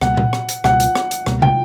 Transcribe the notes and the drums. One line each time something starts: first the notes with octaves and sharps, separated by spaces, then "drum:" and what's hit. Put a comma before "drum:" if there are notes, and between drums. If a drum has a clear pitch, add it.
C#2 B2 G3 A#3 F#5, drum: rim click
drum: tom A#2
drum: rim click
drum: hi-hat
C#2 B2 G3 A#3 F#5, drum: rim click
drum: hi-hat
drum: rim click
drum: hi-hat
C#2 B2 G3 A#3, drum: rim click
G5, drum: tom